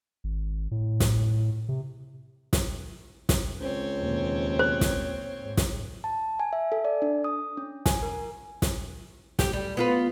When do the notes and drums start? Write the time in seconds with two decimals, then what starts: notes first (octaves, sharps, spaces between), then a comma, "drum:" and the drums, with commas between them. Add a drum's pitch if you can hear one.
0.24 G#1
0.71 A2
1.00 drum: snare
1.69 C3
2.53 drum: snare
3.29 drum: snare
3.61 C#2 C4 C#5
4.00 D#2 B2
4.59 C5
4.81 drum: snare
5.42 G#2
5.57 drum: snare
6.04 A5
6.40 G#5
6.53 E5
6.72 A4
6.85 D5
7.02 D4
7.24 D#6
7.57 C#4
7.86 G#5, drum: snare
8.03 A#4
8.62 drum: snare
9.39 G4, drum: snare
9.53 G3
9.77 B3 F4 B4